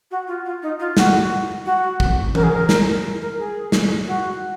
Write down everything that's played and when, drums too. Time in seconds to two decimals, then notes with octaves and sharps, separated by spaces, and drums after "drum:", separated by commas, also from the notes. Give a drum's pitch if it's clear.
0.11 F#4
0.27 F4
0.45 F4
0.62 D#4
0.79 F4
0.97 F#4, drum: snare
1.65 F#4
2.00 drum: kick
2.35 A#4, drum: tom E3
2.43 G#4
2.52 A#4
2.69 drum: snare
3.21 A#4
3.38 G#4
3.72 drum: snare
4.07 F#4